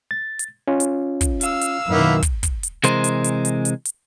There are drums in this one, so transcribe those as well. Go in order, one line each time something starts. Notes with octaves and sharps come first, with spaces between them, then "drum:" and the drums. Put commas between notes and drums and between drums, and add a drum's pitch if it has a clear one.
A6
drum: hi-hat
C#4 F4
drum: hi-hat
drum: kick, hi-hat
F5 E6, drum: hi-hat
drum: hi-hat
F#2 B2 D#3 A#3 B3 E4
drum: kick, hi-hat
drum: kick, hi-hat
drum: hi-hat
C3 E3 G#3 A#4 C5, drum: hi-hat
drum: hi-hat
drum: hi-hat
drum: hi-hat
drum: hi-hat
drum: hi-hat